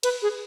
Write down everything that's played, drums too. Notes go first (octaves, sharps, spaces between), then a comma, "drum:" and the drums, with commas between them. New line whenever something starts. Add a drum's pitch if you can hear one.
B4, drum: cymbal
G#4